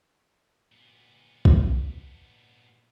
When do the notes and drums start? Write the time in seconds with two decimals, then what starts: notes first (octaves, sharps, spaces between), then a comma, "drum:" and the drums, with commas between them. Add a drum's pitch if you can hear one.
0.72 A#2 B3
1.45 drum: kick